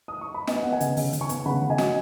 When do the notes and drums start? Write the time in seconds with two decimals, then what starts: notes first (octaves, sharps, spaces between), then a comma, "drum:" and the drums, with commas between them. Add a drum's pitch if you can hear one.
0.08 D#6
0.21 C#6
0.34 B5
0.47 B3 D#5 G#5, drum: snare
0.63 B3 F#5
0.72 D#5 G#5
0.80 C#3, drum: hi-hat
0.97 C#3, drum: open hi-hat
1.13 C#3, drum: hi-hat
1.21 G#5 C#6
1.29 B3, drum: hi-hat
1.46 C#3 F#5 B5
1.62 C#3
1.70 D#5 G#5
1.78 F#3, drum: snare